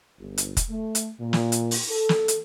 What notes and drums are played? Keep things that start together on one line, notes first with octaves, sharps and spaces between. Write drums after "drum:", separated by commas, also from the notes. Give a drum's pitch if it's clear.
G1
drum: hi-hat
drum: kick F1, hi-hat
A3
drum: hi-hat
A#2
drum: snare
drum: hi-hat
drum: open hi-hat
A4
drum: snare
drum: hi-hat